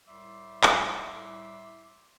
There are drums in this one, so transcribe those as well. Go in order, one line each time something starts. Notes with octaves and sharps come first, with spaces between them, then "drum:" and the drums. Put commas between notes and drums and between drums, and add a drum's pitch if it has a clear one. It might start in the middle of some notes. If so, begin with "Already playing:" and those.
C2 A2 G3 E5 C6 D6
drum: clap